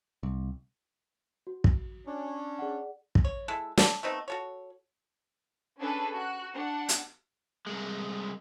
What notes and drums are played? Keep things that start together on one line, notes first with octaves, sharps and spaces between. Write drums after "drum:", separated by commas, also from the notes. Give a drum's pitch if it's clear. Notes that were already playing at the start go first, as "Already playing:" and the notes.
C2
F#4
drum: kick
C#4 D4
G#4 D5 F#5
drum: kick
C#5
G#3 E4 A4
A5, drum: snare
A3 B3 C4 D#4
F#4 A4 C#5
C#4 D4 G#4 A4 B4
F#4 F#6
D4 F#5
drum: hi-hat
C2 G#3